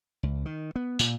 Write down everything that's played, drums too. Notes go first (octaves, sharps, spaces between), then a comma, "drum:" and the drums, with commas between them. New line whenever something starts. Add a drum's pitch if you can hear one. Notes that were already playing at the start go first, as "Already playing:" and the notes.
C#2
D#3
B3
A#2, drum: tambourine